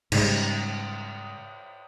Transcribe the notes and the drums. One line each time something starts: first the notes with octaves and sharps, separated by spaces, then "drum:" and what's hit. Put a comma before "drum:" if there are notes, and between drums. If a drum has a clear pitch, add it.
G#2 C#3 G3, drum: cymbal